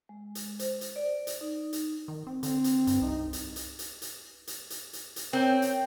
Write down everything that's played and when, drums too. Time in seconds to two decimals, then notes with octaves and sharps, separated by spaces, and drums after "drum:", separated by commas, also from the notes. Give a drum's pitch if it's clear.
0.09 G#3
0.35 drum: hi-hat
0.59 C5, drum: hi-hat
0.81 drum: hi-hat
0.96 D5
1.27 drum: hi-hat
1.41 D#4
1.73 drum: hi-hat
2.08 D#3
2.27 C4
2.43 D3 C4, drum: hi-hat
2.64 drum: hi-hat
2.87 G2, drum: hi-hat
3.02 C2 D#4
3.33 drum: hi-hat
3.56 drum: hi-hat
3.79 drum: hi-hat
4.02 drum: hi-hat
4.47 drum: hi-hat
4.70 drum: hi-hat
4.93 drum: hi-hat
5.16 drum: hi-hat
5.33 C4 A#4 C#5 G5
5.62 drum: hi-hat